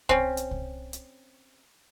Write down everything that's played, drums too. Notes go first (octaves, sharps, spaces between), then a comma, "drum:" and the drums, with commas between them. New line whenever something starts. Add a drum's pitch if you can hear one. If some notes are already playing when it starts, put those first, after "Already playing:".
C4 C#4, drum: kick C2
drum: hi-hat
drum: kick C2
drum: hi-hat